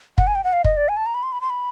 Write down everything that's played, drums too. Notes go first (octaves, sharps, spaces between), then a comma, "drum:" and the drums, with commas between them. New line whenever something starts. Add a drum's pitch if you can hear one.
F#5, drum: kick
G#5
G5
F#5
F5
D#5, drum: kick
D5
G#5
A5
A#5
B5
C6
B5
C6
B5